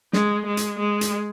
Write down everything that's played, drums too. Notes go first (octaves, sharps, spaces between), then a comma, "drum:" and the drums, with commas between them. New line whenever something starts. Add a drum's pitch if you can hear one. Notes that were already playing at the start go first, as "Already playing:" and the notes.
G#3, drum: snare
G#3
drum: hi-hat
G#3
drum: hi-hat